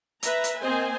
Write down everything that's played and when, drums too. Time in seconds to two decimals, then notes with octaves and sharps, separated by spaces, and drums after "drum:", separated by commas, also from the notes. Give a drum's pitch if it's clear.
0.23 B4 E5 A#5, drum: hi-hat
0.44 drum: hi-hat
0.60 A#3 C4 C5 D#5 G#5